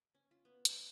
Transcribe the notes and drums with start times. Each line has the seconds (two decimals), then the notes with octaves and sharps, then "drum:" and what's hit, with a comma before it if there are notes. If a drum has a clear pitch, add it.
0.15 C#4
0.31 F4
0.45 B3
0.65 F5, drum: hi-hat